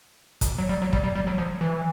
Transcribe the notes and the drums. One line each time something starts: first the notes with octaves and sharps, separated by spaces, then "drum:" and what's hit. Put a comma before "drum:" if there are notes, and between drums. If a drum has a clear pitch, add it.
drum: kick, hi-hat
F#3
G3
F#3
G3, drum: kick
G3
G3
F#3
F3
E3